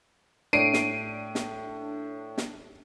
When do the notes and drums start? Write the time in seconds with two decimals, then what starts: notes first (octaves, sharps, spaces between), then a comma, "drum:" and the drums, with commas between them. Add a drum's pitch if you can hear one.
0.53 A2 D4 C#5 C7 D7 D#7
0.74 drum: snare
1.35 drum: snare
2.38 drum: snare